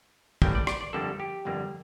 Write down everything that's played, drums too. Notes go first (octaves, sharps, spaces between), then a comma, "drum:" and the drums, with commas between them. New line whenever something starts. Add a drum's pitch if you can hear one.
A1 A2 G3 A#3 G5, drum: kick
D5
D5, drum: rim click
D5
G1 F2 D3 G3 A#3 A4
G4
G1 F2 D3 G3 A#3